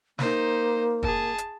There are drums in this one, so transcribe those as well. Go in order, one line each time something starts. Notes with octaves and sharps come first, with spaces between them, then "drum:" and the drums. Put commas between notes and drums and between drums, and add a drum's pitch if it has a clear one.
A#3 D#4 C5, drum: snare
G#4 A5, drum: kick
drum: hi-hat